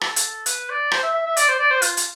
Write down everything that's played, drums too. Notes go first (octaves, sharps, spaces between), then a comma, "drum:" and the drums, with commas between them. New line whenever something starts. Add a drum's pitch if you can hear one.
A4, drum: rim click
drum: hi-hat
B4, drum: hi-hat
D5
C5, drum: rim click
E5
E5
E5
D5, drum: hi-hat
C5
D5
C5
F4, drum: hi-hat
drum: hi-hat